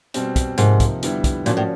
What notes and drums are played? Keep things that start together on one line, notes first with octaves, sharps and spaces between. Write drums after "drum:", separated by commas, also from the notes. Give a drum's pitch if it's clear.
B2 G3 C4, drum: hi-hat
drum: kick, hi-hat
G#2 C3 F3 A#3 D#4, drum: hi-hat
drum: kick, hi-hat
F2 D3 G3 B3 E4, drum: hi-hat
drum: kick, hi-hat
A#2 F3 A#3 C#4 F#4, drum: hi-hat
A2